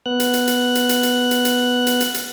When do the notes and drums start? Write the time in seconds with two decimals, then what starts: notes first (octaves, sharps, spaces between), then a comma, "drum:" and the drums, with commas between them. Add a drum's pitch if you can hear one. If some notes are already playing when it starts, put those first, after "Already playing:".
0.06 B3 F#6
0.20 drum: hi-hat
0.34 drum: hi-hat
0.47 drum: hi-hat
0.75 drum: hi-hat
0.89 drum: hi-hat
1.03 drum: hi-hat
1.31 drum: hi-hat
1.45 drum: hi-hat
1.87 drum: hi-hat
2.00 drum: hi-hat
2.14 drum: hi-hat